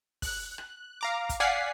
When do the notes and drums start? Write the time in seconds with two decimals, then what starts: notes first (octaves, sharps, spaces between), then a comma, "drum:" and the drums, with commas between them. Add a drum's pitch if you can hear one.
0.22 F#6, drum: kick, open hi-hat
0.58 drum: rim click
1.01 F5 A#5 D6
1.29 drum: kick, hi-hat
1.40 D5 F5 F#5 G#5 B6 C7